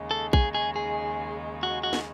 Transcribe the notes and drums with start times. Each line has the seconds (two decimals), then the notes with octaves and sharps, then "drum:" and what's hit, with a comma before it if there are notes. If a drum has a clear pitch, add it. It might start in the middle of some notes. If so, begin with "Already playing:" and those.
Already playing: D#2 C#3 G#3 D#4
0.11 A4
0.33 G#4, drum: kick A#1
0.55 G#4
0.76 G#4
1.63 F#4
1.83 F#4
1.93 drum: snare